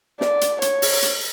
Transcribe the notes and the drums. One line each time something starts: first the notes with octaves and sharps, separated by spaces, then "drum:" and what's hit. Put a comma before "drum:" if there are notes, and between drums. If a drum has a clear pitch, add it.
D5, drum: snare
drum: hi-hat
C#5, drum: hi-hat
drum: open hi-hat
drum: hi-hat